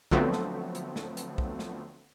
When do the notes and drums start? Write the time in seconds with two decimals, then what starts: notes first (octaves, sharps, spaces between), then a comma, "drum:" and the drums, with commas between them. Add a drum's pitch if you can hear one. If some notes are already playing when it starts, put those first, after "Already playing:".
0.11 D3 F3 F#3 A3 B3 C4, drum: kick
0.33 drum: snare
0.75 drum: hi-hat
0.96 drum: snare
1.17 drum: hi-hat
1.38 drum: kick
1.59 drum: snare